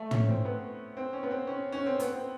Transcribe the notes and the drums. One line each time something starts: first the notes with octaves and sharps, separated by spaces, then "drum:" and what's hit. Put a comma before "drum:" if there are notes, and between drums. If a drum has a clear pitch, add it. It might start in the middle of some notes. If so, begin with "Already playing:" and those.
Already playing: A3
C#4, drum: tom
C4
B3
C4
C#4
B3
C4
C#4
C#4
C4
B3, drum: hi-hat
C4